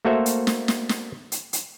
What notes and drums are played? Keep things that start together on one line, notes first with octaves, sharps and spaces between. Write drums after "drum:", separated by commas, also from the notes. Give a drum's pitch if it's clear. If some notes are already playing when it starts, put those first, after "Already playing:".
A3 A#3 F#4 A4 C5 E5
drum: hi-hat
drum: snare
drum: snare
drum: snare
drum: hi-hat
drum: hi-hat